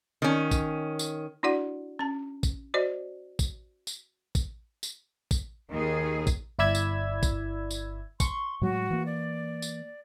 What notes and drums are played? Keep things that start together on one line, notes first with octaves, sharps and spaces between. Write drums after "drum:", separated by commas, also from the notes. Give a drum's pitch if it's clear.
D#3 C#4
drum: kick, tambourine
drum: tambourine
D4 E4 F#4 D5 F#5
C#4 A5
drum: kick, tambourine
F#4 C5 D5 D#5
drum: kick, tambourine
drum: tambourine
drum: kick, tambourine
drum: tambourine
drum: kick, tambourine
D#2 D#3 G#4
drum: kick, tambourine
G1 E4 D5 B5 E6 G#6
drum: tambourine
drum: kick, tambourine
drum: tambourine
C6 C#6, drum: kick, tambourine
A2 F#3 G#3 F#4
E3 A#3
D5
drum: tambourine